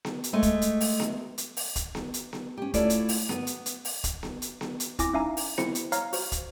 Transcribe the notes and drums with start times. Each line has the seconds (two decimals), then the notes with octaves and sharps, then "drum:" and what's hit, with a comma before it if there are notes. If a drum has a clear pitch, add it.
0.05 drum: snare B3
0.24 drum: hi-hat
0.33 G#3 A3
0.43 drum: kick, hi-hat
0.62 drum: hi-hat
0.81 drum: open hi-hat
1.00 drum: snare B3
1.38 drum: hi-hat
1.57 drum: open hi-hat
1.76 drum: kick, hi-hat
1.95 drum: snare B3
2.14 drum: hi-hat
2.33 drum: snare B3
2.57 C#4 G4
2.74 A3 E4 F4 A4 C#5 D5, drum: kick, hi-hat
2.90 drum: hi-hat
3.09 drum: open hi-hat
3.29 B3, drum: snare B3
3.47 drum: hi-hat
3.66 drum: hi-hat
3.85 drum: open hi-hat
4.04 drum: kick, hi-hat
4.23 drum: snare B3
4.42 drum: hi-hat
4.61 drum: snare B3
4.80 drum: hi-hat
4.99 C4 E4 G#5 D6 A#6, drum: kick, hi-hat
5.13 C#4 D#4 E5 F5 G#5 A#5
5.37 drum: open hi-hat
5.58 C4 E4 C5 C#7, drum: snare B3
5.75 drum: hi-hat
5.92 C#5 F5 A#5 F6, drum: hi-hat
6.13 F#4 C5, drum: open hi-hat
6.32 drum: kick, hi-hat